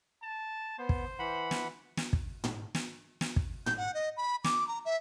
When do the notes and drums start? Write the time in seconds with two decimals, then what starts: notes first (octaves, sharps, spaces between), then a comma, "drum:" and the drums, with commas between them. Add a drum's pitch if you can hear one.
0.22 A5
0.79 B3 C5
0.89 drum: kick
1.19 E3 F#5 B5
1.51 drum: snare
1.97 drum: snare
2.13 drum: kick
2.44 drum: tom
2.75 drum: snare
3.21 drum: snare
3.36 drum: kick
3.66 G6, drum: tom
3.77 F#5
3.94 D#5
4.17 B5
4.44 D6, drum: snare
4.68 A#5
4.85 E5